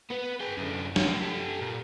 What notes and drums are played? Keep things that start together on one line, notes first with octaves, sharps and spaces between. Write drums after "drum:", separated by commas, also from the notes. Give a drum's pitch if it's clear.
B3 B4
G#4 G5
F#2 D3
C#5 G5, drum: snare
G4 A4
A#2